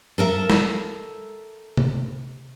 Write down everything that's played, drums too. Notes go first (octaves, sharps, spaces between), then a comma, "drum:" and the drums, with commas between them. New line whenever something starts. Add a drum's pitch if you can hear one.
A4 A#4 E5
drum: snare
drum: tom C3